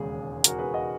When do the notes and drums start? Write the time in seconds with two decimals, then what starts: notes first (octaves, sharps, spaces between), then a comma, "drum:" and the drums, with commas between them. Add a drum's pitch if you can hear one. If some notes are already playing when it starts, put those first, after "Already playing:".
Already playing: E1 D#2 C#3 G#3 G#4
0.44 F#4 A#4, drum: hi-hat
0.59 G#4 B4
0.74 D#5 F#5